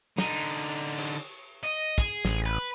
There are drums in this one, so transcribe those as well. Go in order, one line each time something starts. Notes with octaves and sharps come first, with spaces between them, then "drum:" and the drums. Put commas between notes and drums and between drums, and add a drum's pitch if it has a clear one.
D3 D#4, drum: snare
drum: cymbal
D#5
G#4, drum: kick
A1, drum: snare
B4